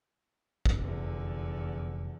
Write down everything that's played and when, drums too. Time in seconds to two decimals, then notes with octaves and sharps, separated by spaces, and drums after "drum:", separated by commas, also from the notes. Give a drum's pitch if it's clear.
0.66 drum: kick G#1
0.77 F1 E2 D3